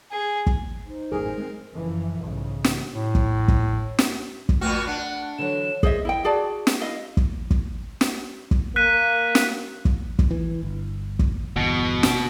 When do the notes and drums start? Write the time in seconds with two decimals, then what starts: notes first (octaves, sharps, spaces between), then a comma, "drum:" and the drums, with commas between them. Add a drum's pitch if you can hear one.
0.12 G#4
0.47 drum: kick
0.86 D#4 C5
1.12 G#1 F#2 A2 G#4 A#4
1.37 G#3 A#3 C4
1.74 F#1 F#2 E3 F3
2.20 B1 G#2 C#3 E3
2.64 drum: snare
2.93 A2
3.15 drum: kick
3.48 drum: kick
3.99 drum: snare
4.49 drum: kick
4.61 A#2 A3 B3 F#4 G5 F6
4.87 D4 F#5
5.38 D3 E3 F#3 E7
5.83 G#4 C5 D#5 E5, drum: kick
6.05 E4 D#5 G5
6.24 F#4 G#4 D5 A5
6.67 drum: snare
6.81 E4 D#5 F5
7.17 drum: kick
7.51 drum: kick
8.01 drum: snare
8.51 drum: kick
8.76 A#3 F#6 B6 D#7
9.35 drum: snare
9.85 drum: kick
10.19 drum: kick
10.31 E3
10.63 G1
11.19 drum: kick
11.56 G1 E2 B2
12.03 drum: snare